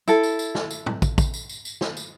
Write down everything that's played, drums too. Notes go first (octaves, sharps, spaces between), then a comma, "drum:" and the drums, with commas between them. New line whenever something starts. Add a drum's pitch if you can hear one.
E4 A4, drum: tambourine
drum: tambourine
drum: tambourine
drum: snare
drum: tambourine
drum: tom A2
drum: kick, tambourine
drum: kick, tambourine
drum: tambourine
drum: tambourine
drum: tambourine
drum: snare
drum: tambourine